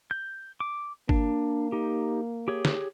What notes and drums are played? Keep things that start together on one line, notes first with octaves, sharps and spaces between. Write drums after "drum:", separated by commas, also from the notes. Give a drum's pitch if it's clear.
G6
D6
A#3 D4, drum: kick
D#4 G4
G4 G#4 C#5
drum: snare